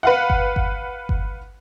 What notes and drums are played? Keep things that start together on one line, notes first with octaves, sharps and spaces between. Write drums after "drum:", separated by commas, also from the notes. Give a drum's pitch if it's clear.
B4 F5 F#5
drum: kick G1
drum: kick G1
drum: kick G1